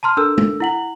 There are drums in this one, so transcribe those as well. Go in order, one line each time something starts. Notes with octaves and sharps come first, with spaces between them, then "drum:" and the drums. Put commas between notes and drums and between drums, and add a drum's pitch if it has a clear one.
A5 A#5 C6 F6
D4 A4 A#4 E6
drum: tom G#3
E4 F#5 F#7